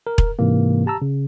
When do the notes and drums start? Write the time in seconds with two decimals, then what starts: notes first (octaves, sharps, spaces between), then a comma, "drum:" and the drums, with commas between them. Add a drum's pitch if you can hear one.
0.07 A#4
0.18 drum: kick E1
0.39 G#2 C3 E3 A#3
0.86 G4 A5 A#5 E6
1.02 C#3